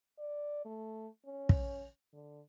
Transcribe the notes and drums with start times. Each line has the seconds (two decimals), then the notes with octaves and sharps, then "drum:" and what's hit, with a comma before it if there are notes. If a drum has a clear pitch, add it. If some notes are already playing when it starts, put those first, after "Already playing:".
0.19 D5
0.65 A3
1.26 C#4
1.49 drum: kick
2.13 D3